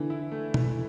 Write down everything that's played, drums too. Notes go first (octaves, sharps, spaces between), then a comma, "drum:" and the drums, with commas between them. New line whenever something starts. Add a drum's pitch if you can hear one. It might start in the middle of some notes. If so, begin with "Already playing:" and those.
Already playing: D3 E3
E4
A3
E3, drum: tom